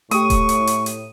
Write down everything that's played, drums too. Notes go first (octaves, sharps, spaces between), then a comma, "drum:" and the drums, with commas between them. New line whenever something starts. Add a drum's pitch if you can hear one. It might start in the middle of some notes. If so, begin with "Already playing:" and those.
A2 A3 G4 C#6 D#6, drum: hi-hat
drum: kick D#1, hi-hat
drum: hi-hat
drum: hi-hat
drum: hi-hat